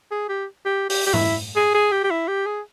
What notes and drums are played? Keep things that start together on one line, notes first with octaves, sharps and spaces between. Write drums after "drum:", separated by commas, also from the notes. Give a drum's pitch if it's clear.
G#4
G4
G4
G4, drum: open hi-hat
G4
E4, drum: tom G#2
G#4
G#4
G4
G4
E4
G4
G#4